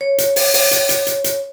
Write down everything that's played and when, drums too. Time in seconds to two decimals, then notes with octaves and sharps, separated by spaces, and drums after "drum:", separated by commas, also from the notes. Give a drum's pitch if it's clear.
0.01 C#5
0.18 drum: hi-hat
0.36 drum: open hi-hat
0.54 drum: open hi-hat
0.71 drum: hi-hat
0.89 drum: hi-hat
1.07 drum: hi-hat
1.24 drum: hi-hat